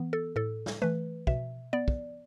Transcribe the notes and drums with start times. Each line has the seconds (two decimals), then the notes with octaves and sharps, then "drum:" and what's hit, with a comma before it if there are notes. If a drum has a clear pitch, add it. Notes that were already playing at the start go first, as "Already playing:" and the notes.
Already playing: E3 B3
0.13 A4
0.36 A2 A4
0.66 drum: snare
0.82 E3 A3 B4
1.27 B2 E5, drum: kick
1.73 B3 D5
1.88 drum: kick